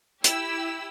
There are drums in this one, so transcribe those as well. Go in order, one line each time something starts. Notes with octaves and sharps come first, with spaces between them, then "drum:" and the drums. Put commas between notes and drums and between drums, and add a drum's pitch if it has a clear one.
E4 G4 E6, drum: hi-hat